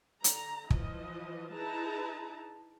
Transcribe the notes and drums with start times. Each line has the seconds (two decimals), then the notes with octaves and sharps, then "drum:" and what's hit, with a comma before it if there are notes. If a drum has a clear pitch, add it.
0.24 D3 A#5, drum: hi-hat
0.70 E3 F3 D#5, drum: kick
1.53 D#4 E4 G#4 B4 A5 A#5